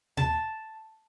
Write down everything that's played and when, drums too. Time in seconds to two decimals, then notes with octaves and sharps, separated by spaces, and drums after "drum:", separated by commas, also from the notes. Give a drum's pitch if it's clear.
0.17 A5, drum: tom A#2